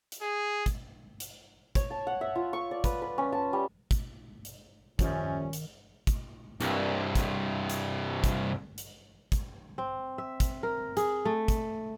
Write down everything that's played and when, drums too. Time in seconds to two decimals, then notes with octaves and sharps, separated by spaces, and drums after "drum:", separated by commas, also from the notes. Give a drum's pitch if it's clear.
0.12 drum: hi-hat
0.22 G#4
0.66 drum: kick, hi-hat
1.20 drum: hi-hat
1.75 C#5, drum: kick, hi-hat
1.91 A5
2.07 F#5
2.21 E5
2.36 F4
2.53 C#6
2.71 D5
2.84 B4, drum: kick, hi-hat
3.02 B4
3.18 C#4
3.32 A5
3.53 G3
3.91 drum: kick, hi-hat
4.45 drum: hi-hat
4.99 D#1 F#2 D#3 F3 G3 C#4, drum: kick, hi-hat
5.53 drum: hi-hat
6.07 drum: kick, hi-hat
6.60 C2 G2, drum: hi-hat
7.15 drum: kick, hi-hat
7.70 drum: hi-hat
8.24 drum: kick, hi-hat
8.78 drum: hi-hat
9.32 drum: kick, hi-hat
9.78 C4
10.18 E5
10.40 drum: kick, hi-hat
10.63 A#4
10.97 G#4, drum: hi-hat
11.25 A3
11.48 drum: kick, hi-hat